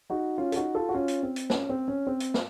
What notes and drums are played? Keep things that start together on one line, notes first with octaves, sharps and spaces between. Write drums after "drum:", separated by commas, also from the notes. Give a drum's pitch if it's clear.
D#4 F#4
C#4 F4
A4, drum: hi-hat
D#4 F#4
F4 A4
F#4
C#4 F4
drum: hi-hat
C4
drum: hi-hat
C#4, drum: snare
C4
C#4
C4
drum: hi-hat
drum: snare